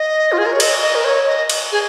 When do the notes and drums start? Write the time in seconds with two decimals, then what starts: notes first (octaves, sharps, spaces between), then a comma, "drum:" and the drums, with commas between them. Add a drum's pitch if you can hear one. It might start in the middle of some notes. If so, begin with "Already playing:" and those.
Already playing: D#5
0.32 F4
0.38 G#4
0.46 A#4
0.53 C#5
0.60 D#5, drum: cymbal
0.82 D#5
0.95 A#4
1.05 C#5
1.27 D#5
1.50 drum: cymbal
1.72 G#4